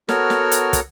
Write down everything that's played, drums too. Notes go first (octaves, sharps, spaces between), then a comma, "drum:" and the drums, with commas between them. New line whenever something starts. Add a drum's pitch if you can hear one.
B3 F#4 A4 A#4 C#5 F6, drum: snare
drum: snare
drum: hi-hat
drum: kick, hi-hat